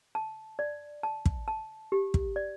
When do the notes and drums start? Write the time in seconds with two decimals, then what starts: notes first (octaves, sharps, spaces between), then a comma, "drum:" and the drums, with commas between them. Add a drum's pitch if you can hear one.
0.15 A5
0.59 D5
1.03 A5
1.26 drum: kick
1.48 A5
1.92 G4
2.14 drum: kick
2.36 D5